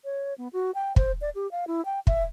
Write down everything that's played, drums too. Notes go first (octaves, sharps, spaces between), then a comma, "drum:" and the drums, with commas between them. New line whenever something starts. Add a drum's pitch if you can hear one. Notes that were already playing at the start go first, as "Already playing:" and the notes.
C#5
B3
F#4
G5
C5, drum: kick
D5
G4
F5
E4
G5
E5, drum: kick